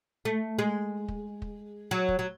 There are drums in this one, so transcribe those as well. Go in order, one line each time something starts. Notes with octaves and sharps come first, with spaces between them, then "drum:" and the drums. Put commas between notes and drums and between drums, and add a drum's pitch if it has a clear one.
A3
G#3
drum: kick
drum: kick
F#3
drum: kick
F#3